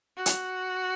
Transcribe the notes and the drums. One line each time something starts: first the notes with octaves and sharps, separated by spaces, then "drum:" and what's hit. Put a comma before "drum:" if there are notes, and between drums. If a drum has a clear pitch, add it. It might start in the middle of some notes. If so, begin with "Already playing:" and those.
F#4
drum: hi-hat